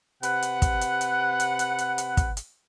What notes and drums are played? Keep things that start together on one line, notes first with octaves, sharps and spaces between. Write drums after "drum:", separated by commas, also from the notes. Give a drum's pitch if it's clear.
C3 B4 F#5, drum: hi-hat
drum: hi-hat
drum: kick, hi-hat
drum: hi-hat
drum: hi-hat
drum: hi-hat
drum: hi-hat
drum: hi-hat
drum: hi-hat
drum: kick, hi-hat
drum: hi-hat